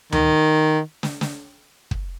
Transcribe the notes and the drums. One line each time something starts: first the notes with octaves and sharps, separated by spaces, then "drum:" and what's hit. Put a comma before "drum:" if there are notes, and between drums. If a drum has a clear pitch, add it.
D#3, drum: tom D2
drum: snare
drum: snare
drum: kick